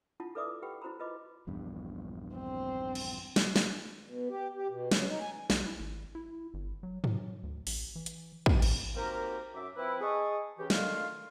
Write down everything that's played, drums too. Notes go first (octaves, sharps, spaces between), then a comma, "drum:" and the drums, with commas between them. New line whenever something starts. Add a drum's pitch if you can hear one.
D4 E4 F4 F#5 A5
A4 B4 D5 E5 D6 D#6
G4 B4 F#5 G5 B5
E4 F#4 C5 A#5 B5
F4 B4 D#5 B5 D6
A#1 E2 G2
C4
drum: cymbal
drum: snare
drum: snare
B2
G4
G4
B2
C#3, drum: snare
D#4
G#5
B1, drum: snare
E4
G#1
E4
G1
F#3
F#3, drum: tom
D2
A1, drum: open hi-hat
E3
drum: hi-hat
drum: kick
drum: cymbal
A#3 C4 D#4 F#4 G4 A#4
F#2 E5 D6
F3 C4 E4 B4
G#4 D#5 A5 C#6 D#6
C#3 E3 G4
D3 D#3 G#3 A3 F4 F5, drum: snare